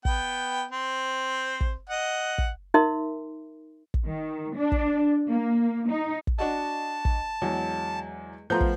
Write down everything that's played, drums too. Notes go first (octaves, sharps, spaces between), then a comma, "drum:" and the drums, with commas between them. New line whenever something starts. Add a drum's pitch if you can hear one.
B3 G5, drum: kick
C4 C5
drum: kick
D#5 F#5
drum: kick
D#4 A#4 E5 C6
drum: kick
D#3
D4
drum: kick
A#3
D#4
drum: kick
D4 F#4 D#5 A5
drum: kick
E2 F#3 G#3
F3 A3 B3 F4 A#5 G6
drum: kick